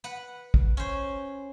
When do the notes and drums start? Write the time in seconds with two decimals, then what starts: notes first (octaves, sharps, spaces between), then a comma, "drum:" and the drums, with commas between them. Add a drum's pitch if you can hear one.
0.04 B4 F#5 B5
0.54 drum: kick
0.77 C#4 C5